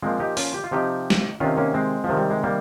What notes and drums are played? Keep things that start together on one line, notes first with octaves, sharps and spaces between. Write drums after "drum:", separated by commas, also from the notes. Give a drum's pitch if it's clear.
A#2 F3 G#3 C4
D#4 G4
C#4 F4, drum: open hi-hat
G4
F4
C3 F3 D#4 G4
drum: snare
C3 D#3 C#4 F4
A#3 C#4
G#3 C4
F3
C3 D#3
G3
G#3
G3 A#3